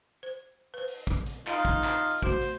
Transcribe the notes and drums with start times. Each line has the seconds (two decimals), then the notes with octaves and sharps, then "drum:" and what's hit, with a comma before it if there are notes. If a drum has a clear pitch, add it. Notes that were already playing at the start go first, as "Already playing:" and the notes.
0.23 C5
0.74 B4 C5
0.88 drum: open hi-hat
1.07 drum: kick, hi-hat
1.26 drum: hi-hat
1.47 D#4 F4 F5, drum: clap
1.65 drum: kick, open hi-hat
1.84 drum: clap
2.03 drum: open hi-hat
2.22 A3 F#4 C5, drum: kick, hi-hat
2.42 drum: hi-hat